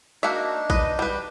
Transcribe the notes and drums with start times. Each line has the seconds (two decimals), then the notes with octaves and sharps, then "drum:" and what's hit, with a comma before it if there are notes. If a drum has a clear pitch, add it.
0.23 A#3 D4 D#4 F#4 E5
0.70 B4 D#5, drum: kick A#1
0.99 G3 B4